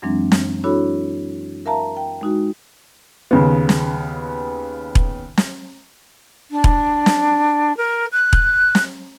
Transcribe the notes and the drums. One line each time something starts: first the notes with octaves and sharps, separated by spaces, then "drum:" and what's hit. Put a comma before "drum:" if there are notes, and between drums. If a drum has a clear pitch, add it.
F#2 E3 F#3 G#3 C4 D4
drum: snare
D4 E4 F#4 A4 C#5 B5
A#4 E5 F5 A5 A#5
G5
G#3 D#4 F#4
D#2 C#3 B3
drum: snare
drum: kick E1
drum: snare
D4
drum: kick E1
drum: snare
A#4
F#6
drum: kick E1
drum: snare